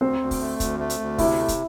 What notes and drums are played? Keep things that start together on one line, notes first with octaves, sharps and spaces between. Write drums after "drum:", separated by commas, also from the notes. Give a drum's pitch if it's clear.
D2 C4 C5
D2
drum: kick, open hi-hat
A3
D2, drum: kick, hi-hat
A3
drum: hi-hat
D2
C3 E4 E5, drum: kick, open hi-hat
A3
drum: kick, hi-hat